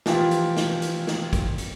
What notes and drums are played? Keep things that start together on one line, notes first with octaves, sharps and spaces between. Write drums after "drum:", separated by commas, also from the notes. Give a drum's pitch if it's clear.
E3 F3 F4 G4, drum: snare
drum: hi-hat
drum: snare
drum: hi-hat
drum: snare
drum: kick A1, hi-hat
drum: hi-hat